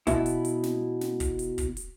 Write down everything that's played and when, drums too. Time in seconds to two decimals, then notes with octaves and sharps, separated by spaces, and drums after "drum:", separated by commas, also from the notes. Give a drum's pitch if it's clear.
0.07 B2 E4, drum: kick, hi-hat
0.26 drum: hi-hat
0.45 drum: hi-hat
0.63 drum: snare
1.01 drum: snare
1.20 drum: kick, hi-hat
1.39 drum: hi-hat
1.58 drum: kick, hi-hat
1.77 drum: hi-hat